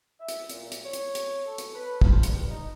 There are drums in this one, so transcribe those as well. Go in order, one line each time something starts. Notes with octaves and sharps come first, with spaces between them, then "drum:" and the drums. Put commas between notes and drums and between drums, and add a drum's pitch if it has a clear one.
E5
drum: hi-hat
A#2, drum: hi-hat
drum: hi-hat
C#5
drum: hi-hat
drum: hi-hat
A4
drum: hi-hat
B4
F3, drum: kick
G2, drum: hi-hat
D#4